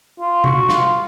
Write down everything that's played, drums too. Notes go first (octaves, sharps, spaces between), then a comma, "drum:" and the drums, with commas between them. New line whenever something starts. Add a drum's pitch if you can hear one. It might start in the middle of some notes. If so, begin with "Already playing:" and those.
F4
F#4, drum: tom C3
F4, drum: snare